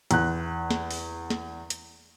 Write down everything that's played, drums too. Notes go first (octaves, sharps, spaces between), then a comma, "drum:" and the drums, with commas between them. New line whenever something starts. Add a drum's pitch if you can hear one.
E2 F#6, drum: hi-hat
drum: snare
drum: open hi-hat
drum: snare
drum: hi-hat